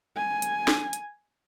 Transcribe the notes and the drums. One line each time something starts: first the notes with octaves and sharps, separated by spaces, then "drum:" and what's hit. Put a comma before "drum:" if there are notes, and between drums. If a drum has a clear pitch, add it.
G#5
drum: hi-hat
drum: snare
drum: hi-hat